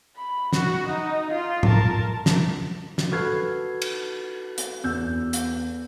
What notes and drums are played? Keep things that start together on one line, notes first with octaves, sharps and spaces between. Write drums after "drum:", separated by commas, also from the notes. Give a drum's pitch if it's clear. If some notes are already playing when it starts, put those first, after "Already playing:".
B5
F#4, drum: snare
D#4
F4
A#4 A5, drum: tom
drum: snare
drum: snare
F#4 A4 B4 F6 G#6 C7
drum: cymbal
drum: hi-hat
E2 E6 G6
drum: hi-hat